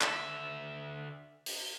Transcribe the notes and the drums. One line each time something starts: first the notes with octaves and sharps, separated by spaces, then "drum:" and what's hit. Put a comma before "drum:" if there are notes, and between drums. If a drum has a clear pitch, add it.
D3 E5, drum: clap
drum: open hi-hat